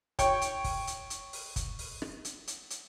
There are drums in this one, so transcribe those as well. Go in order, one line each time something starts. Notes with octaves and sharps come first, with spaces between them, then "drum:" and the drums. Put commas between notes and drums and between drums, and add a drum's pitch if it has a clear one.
C#5 G5 C#6, drum: kick, hi-hat
drum: hi-hat
drum: kick, open hi-hat
drum: hi-hat
drum: hi-hat
drum: open hi-hat
drum: kick, hi-hat
drum: open hi-hat
drum: rim click
drum: hi-hat
drum: hi-hat
drum: hi-hat